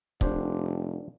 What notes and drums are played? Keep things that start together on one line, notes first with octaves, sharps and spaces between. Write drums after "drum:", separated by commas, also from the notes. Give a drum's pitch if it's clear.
F1 D4 G4 C5, drum: kick